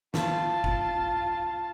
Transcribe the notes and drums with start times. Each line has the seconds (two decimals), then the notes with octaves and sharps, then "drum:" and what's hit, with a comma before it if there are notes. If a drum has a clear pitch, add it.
0.14 F4 A5, drum: snare
0.64 drum: kick